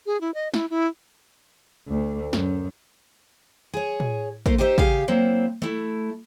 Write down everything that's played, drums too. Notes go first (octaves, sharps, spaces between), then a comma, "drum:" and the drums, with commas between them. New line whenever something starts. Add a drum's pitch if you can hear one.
G#4
E4
D#5
E4, drum: snare
E4
D2
F#2, drum: snare
G#4 C#5
drum: tom
A3 A#3 A#4 C5, drum: kick
D#4 G4 C5 C#5 E5
C#3 G4 G#4 F5, drum: kick
F#3 A#3 C4 E4
A3 E4